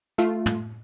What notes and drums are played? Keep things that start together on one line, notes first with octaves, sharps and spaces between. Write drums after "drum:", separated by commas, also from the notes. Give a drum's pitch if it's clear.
A3 F4, drum: hi-hat
drum: tom